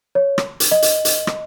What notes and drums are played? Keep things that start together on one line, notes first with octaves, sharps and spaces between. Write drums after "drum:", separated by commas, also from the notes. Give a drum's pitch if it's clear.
C#5
drum: rim click
drum: hi-hat
D#5
drum: hi-hat
drum: hi-hat
drum: rim click